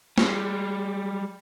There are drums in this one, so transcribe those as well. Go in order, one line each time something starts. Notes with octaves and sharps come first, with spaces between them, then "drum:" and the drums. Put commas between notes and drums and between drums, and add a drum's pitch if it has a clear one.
G3 G#3, drum: snare